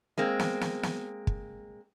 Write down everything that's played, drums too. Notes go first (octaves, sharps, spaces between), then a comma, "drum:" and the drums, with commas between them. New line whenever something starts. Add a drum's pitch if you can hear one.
G#3 A#3 C4
drum: snare
drum: snare
drum: snare
drum: kick